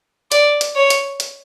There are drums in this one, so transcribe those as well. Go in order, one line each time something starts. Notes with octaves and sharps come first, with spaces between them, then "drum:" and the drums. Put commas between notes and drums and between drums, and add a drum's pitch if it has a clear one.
D5, drum: hi-hat
drum: hi-hat
C#5
drum: hi-hat
drum: hi-hat